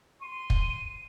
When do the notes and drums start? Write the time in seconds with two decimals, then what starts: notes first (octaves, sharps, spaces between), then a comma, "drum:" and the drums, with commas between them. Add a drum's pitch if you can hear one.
0.22 C6 D#7
0.50 drum: kick